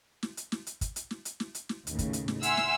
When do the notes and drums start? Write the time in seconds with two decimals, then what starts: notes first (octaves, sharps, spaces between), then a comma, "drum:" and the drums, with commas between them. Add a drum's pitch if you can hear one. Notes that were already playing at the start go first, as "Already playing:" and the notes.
0.23 drum: snare
0.37 drum: hi-hat
0.52 drum: snare
0.67 drum: hi-hat
0.81 drum: kick, hi-hat
0.96 drum: hi-hat
1.11 drum: snare
1.25 drum: hi-hat
1.40 drum: snare
1.55 drum: hi-hat
1.69 drum: snare
1.87 D#2 A2 C#3, drum: hi-hat
1.99 drum: kick, hi-hat
2.13 drum: hi-hat
2.28 drum: snare
2.43 E5 F#5 G#5 C6 E6 F6, drum: hi-hat
2.57 drum: snare